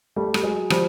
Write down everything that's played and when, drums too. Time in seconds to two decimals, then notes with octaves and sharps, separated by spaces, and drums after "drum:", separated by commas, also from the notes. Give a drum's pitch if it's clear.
0.16 G3 A3
0.34 G3, drum: rim click
0.43 F#3 G#3
0.70 F3 G3, drum: rim click